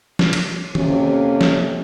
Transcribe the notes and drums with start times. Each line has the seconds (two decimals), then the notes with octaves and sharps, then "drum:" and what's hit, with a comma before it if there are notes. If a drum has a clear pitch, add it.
0.19 drum: snare
0.33 drum: cymbal
0.75 F2 C3 A#3 C#4, drum: tom D#3
1.41 drum: snare